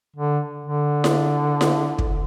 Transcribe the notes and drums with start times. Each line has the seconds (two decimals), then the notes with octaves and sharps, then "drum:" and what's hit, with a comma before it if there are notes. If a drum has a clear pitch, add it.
0.16 D3
0.67 D3
1.04 drum: snare E4
1.61 drum: snare E4
1.99 drum: kick